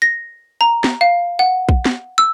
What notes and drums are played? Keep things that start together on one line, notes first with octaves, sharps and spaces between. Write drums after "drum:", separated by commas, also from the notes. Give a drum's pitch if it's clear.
A#6
A#5
drum: snare
F5
F#5
drum: kick A#1
drum: snare
E6